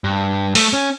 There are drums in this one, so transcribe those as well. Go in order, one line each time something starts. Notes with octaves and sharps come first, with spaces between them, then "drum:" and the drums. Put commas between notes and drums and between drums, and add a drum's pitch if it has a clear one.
G2
A3, drum: open hi-hat
C#4